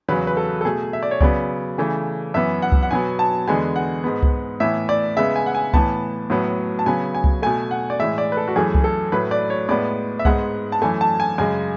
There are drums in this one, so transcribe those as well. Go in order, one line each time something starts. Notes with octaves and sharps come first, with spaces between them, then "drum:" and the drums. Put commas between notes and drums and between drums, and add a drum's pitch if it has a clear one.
E2 C#3 F#3 B4
B4
A4
A4
B2 A3 G#4
E5
D5
C#5
C#3 F#3 B3 D5, drum: kick C2
C#3 E3 A3
F#2 E3 B3 E5
F#5
drum: kick C2
F#5
B2 F#3 B3 G#5
A5
E2 D3 G#3 B3 G#5
F#5
G#2 G#3 B3
drum: kick C2
A2 E3 B3 E5
D5
C#3 G#3 B3 E5
G#5
F#5
G#5
A2 E3 B3 A5, drum: kick C2
A2 F#3 B3
A5
C#3 F#3 B3 G#5
G#5
drum: kick C2
B2 A3 G#5
F#5
D5
A2 E3 G#3 E5
D5
B4
A4
F#4
F#2 E3 A3 G#4
drum: kick C2
A4
A2 F#3 A3 B4
D5
C#5
A2 G#3 B3 D5
E5
G#2 G#3 B3 F#5, drum: kick C2
A5
F#2 E3 A3 G#5
A5
G#5
F#2 C#3 G#3 G#5